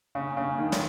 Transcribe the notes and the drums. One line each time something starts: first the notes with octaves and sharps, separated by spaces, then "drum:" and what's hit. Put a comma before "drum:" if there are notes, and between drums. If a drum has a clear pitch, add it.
C#3
C#3
D#3
drum: snare